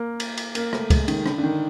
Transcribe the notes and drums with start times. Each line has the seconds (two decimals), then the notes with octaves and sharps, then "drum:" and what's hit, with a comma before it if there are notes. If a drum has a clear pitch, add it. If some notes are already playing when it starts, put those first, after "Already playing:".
Already playing: A#3
0.20 drum: cymbal
0.37 drum: cymbal
0.55 A#3, drum: cymbal
0.73 A3, drum: rim click
0.90 G#3, drum: kick, cymbal
1.08 D#3, drum: cymbal
1.26 D3, drum: rim click
1.38 D3
1.44 D#3